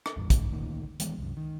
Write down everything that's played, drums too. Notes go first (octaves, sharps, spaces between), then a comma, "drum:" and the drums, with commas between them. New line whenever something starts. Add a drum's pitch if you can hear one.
drum: rim click
A1 E2 G2
G#2, drum: kick, hi-hat
D2 A#2 D#3
D#3 E3 G#3 B3, drum: hi-hat
C2 F#2
D#3